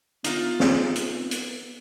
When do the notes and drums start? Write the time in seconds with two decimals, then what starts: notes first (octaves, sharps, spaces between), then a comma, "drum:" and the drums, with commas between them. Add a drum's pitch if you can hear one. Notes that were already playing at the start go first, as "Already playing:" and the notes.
0.24 B3 D#4 F4, drum: hi-hat
0.60 drum: snare
0.95 drum: hi-hat
1.31 drum: hi-hat